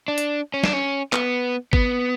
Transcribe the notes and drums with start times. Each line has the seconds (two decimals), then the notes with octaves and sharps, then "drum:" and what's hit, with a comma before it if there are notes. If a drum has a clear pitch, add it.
0.08 D4
0.18 drum: hi-hat
0.54 C#4
0.64 D4, drum: snare
0.73 C#4
1.13 B3, drum: clap
1.73 B3, drum: kick G#1